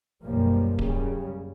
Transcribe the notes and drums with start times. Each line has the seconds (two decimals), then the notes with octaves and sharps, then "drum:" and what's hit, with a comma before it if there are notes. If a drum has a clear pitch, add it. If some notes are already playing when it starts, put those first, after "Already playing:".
0.22 F#1 B1 F#2 F3 G3 A#3
0.79 F#2 C#3 G3, drum: kick D1